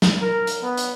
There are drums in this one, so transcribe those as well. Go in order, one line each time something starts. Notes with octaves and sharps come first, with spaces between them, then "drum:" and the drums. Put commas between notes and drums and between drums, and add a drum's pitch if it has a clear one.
drum: snare
A#4
drum: hi-hat
B3
drum: hi-hat